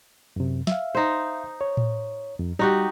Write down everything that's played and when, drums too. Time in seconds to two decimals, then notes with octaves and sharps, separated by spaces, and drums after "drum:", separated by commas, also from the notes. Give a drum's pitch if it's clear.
0.36 F#2 C3
0.67 E5 F5, drum: snare
0.95 D#4 C5
1.61 C#5
1.77 drum: tom A2
2.39 F2
2.59 G3 D#4 F#4 G4